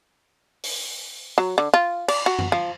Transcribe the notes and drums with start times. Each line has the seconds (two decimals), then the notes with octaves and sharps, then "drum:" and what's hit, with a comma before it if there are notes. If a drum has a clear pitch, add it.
0.64 drum: open hi-hat
1.38 F#3
1.58 D3
1.74 F4
2.08 D5, drum: cymbal
2.26 F#4
2.39 drum: tom F#2
2.52 F3